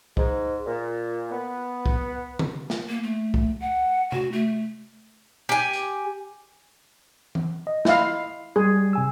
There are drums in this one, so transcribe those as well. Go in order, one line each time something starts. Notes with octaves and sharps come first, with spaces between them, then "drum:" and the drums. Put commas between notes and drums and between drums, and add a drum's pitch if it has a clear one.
G#2, drum: kick
A#2
B3
drum: kick
drum: tom D3
drum: snare
A#3
A3
drum: kick
F#5
F#4, drum: tom C3
A3
G4 G#5
drum: hi-hat
drum: tom E3
D#5
E4 F5, drum: snare
G3 G#4
C3 G#5 E6